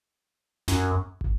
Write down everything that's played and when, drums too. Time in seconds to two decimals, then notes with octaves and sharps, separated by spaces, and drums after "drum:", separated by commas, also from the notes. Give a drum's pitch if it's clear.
0.68 F#2, drum: snare
1.21 drum: kick